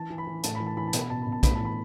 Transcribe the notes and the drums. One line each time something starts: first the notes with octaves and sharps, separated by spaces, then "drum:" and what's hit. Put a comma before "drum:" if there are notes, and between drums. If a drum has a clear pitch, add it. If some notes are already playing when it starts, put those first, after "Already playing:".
Already playing: E3 A5
E3
B5
E3
A2 A5, drum: hi-hat
B5
E3
A5
E3 B5
A5
B2, drum: hi-hat
B5
B2 A5
B2 B5
A5
A2 B5, drum: kick, hi-hat
A5
E3 B5